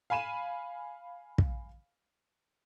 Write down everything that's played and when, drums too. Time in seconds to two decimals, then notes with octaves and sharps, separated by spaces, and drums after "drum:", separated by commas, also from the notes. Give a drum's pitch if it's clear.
0.10 F5 G#5 B5 D#7 E7
1.38 drum: kick